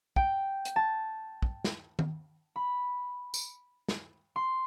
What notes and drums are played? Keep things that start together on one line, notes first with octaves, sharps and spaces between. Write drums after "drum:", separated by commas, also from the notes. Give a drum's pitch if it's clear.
G5, drum: kick
drum: hi-hat
A5
drum: kick
drum: snare
drum: tom D#3
B5
drum: tambourine
drum: snare
C6